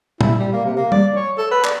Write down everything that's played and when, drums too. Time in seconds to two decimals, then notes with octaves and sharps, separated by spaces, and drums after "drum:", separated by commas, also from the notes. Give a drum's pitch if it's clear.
0.21 E4, drum: tom A#2
0.38 G3
0.53 A#3
0.65 C3
0.77 A#3
0.92 D5, drum: tom
1.16 C#5
1.38 A4
1.51 B4
1.64 D5, drum: clap